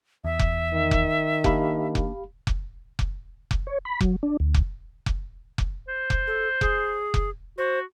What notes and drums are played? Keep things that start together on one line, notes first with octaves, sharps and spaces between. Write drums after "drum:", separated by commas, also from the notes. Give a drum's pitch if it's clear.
E2 E5
drum: kick F1
D#3
drum: kick F1
A#3 D4 G4 F5 B5, drum: kick F1
drum: kick F1
drum: kick F1
drum: kick F1
drum: kick F1
C#5
B5
F#3, drum: kick F1
D4
D2
drum: kick F1
drum: kick F1
drum: kick F1
C5
drum: kick F1
A4
G#4, drum: kick F1
drum: kick F1
F#4 C5